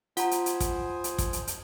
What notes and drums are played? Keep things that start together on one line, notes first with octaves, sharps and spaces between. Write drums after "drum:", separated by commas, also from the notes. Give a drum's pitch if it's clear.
F4 C5 F#5 G#5 A#5 D#6, drum: hi-hat
drum: hi-hat
drum: hi-hat
drum: kick, hi-hat
drum: hi-hat
drum: kick, hi-hat
drum: hi-hat
drum: hi-hat